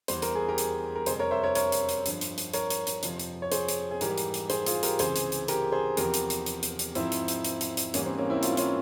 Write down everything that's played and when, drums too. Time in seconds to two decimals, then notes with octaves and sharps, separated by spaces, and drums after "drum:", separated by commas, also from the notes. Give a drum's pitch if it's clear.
0.08 E2 E3 G3 C5, drum: hi-hat
0.22 A#4, drum: hi-hat
0.35 G#4
0.48 G4 A#4
0.58 drum: hi-hat
0.95 A#4
1.06 F2 C3 G3 G#4 C5, drum: hi-hat
1.19 A#4 C#5
1.31 C5 E5
1.43 A#4 C#5
1.55 A#4 C#5, drum: hi-hat
1.72 drum: hi-hat
1.89 drum: hi-hat
2.06 G2 F3, drum: hi-hat
2.21 drum: hi-hat
2.38 drum: hi-hat
2.54 A#4 C#5, drum: hi-hat
2.70 drum: hi-hat
2.87 drum: hi-hat
3.03 F2 C3 F3, drum: hi-hat
3.19 drum: hi-hat
3.42 C#5
3.52 G#4 C5, drum: hi-hat
3.69 drum: hi-hat
3.91 G#4
4.01 G#2 E3 G3 G4 A#4, drum: hi-hat
4.18 drum: hi-hat
4.34 drum: hi-hat
4.50 G#4 C5, drum: hi-hat
4.66 F4 G#4, drum: hi-hat
4.83 G4 A#4, drum: hi-hat
4.99 C#2 C3 E3 G#4 C5, drum: hi-hat
5.16 drum: hi-hat
5.32 drum: hi-hat
5.48 G4 A#4, drum: hi-hat
5.72 G#4 C5
5.97 E2 C3 F3 G4 A#4, drum: hi-hat
6.14 drum: hi-hat
6.30 drum: hi-hat
6.46 drum: hi-hat
6.63 drum: hi-hat
6.79 drum: hi-hat
6.95 G#2 F3 C4 E4, drum: hi-hat
7.12 drum: hi-hat
7.28 drum: hi-hat
7.45 drum: hi-hat
7.61 drum: hi-hat
7.77 drum: hi-hat
7.94 G#2 E3 G3 A#3 C#4, drum: hi-hat
8.06 C4
8.18 A#3 C#4
8.30 C4 E4
8.43 F4, drum: hi-hat
8.51 E4
8.57 C#4 F4, drum: hi-hat